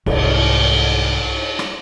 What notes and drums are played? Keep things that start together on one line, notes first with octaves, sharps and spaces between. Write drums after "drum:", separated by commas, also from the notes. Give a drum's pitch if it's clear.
C2 G#2, drum: cymbal
drum: rim click